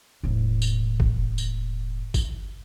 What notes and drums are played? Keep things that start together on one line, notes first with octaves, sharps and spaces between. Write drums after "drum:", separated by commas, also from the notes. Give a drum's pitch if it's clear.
E1 A2
drum: tambourine
drum: kick
drum: tambourine
drum: kick, tambourine